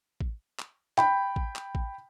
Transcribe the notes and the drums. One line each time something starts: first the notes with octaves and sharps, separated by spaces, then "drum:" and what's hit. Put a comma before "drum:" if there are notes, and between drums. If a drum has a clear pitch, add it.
drum: kick A1
drum: clap
G5 B5, drum: clap
drum: kick A1
drum: clap
drum: kick A1